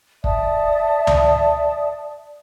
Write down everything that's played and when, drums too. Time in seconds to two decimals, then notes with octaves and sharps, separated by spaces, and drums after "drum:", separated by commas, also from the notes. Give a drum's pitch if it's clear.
0.24 D5 E5 A5 D#6, drum: kick
1.07 drum: tom C#2